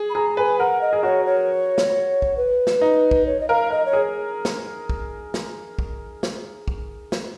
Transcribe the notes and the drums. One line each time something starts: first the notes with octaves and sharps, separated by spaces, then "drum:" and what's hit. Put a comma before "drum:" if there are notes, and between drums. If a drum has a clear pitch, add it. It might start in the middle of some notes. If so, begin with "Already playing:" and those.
Already playing: G#4
B5
G#4 A#5
B4 G#5
A#4 F#5
D#5
G#4
F#4 C#5
C#5
drum: snare
drum: kick
B4
drum: snare
D#4
drum: kick
C#5
D#5
A#4 F5
A#4 D#5
C#5
G#4
drum: snare
drum: kick
drum: snare
drum: kick
drum: snare
drum: kick
drum: snare